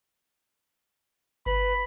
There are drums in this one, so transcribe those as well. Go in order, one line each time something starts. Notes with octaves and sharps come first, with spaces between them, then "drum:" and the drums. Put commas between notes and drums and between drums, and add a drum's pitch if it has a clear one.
B4 B5, drum: kick G1